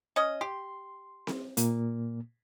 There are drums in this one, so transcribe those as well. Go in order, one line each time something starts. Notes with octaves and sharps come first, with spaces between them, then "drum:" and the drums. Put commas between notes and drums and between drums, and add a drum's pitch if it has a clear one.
C#4 D#5
G4 C6
drum: snare C4
A#2 A#3, drum: hi-hat